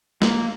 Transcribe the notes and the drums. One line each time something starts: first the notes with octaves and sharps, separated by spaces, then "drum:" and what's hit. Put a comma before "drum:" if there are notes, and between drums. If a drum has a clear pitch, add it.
A#3, drum: snare